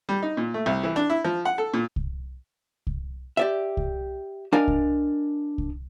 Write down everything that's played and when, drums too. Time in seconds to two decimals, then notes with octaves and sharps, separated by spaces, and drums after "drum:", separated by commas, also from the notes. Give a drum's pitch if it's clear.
0.09 G3
0.22 D#4
0.37 A#2
0.54 A3
0.66 C2
0.83 E3
0.96 D4
1.10 E4
1.25 F3
1.45 F#5
1.58 A4
1.74 A#2
1.96 drum: kick C2
2.87 drum: kick C2
3.37 G4 D5 E5
3.77 drum: kick C2
4.53 D4 A#4 D#5 F5 G#5
4.68 drum: kick C2
5.58 drum: kick C2